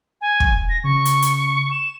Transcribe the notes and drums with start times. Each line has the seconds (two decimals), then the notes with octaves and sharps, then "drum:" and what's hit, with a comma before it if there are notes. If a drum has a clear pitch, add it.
0.21 G#5
0.40 drum: kick
0.69 A#6
0.84 C#3 C#6
1.05 drum: hi-hat
1.22 drum: hi-hat
1.71 E7